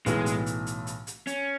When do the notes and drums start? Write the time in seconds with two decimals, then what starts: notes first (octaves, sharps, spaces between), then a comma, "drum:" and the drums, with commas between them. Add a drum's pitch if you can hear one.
0.06 B1 A2 E3 G#3, drum: hi-hat
0.26 drum: hi-hat
0.46 drum: hi-hat
0.66 drum: hi-hat
0.87 drum: hi-hat
1.07 drum: hi-hat
1.27 C#4, drum: hi-hat